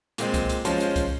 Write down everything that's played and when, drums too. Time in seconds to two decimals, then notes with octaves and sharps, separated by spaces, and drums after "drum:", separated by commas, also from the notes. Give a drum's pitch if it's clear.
0.18 A#2 G#3 C4, drum: hi-hat
0.34 drum: kick C2, hi-hat
0.49 drum: hi-hat
0.65 F3 G#3 C#4 F4 C5, drum: hi-hat
0.80 drum: hi-hat
0.96 drum: kick C2, hi-hat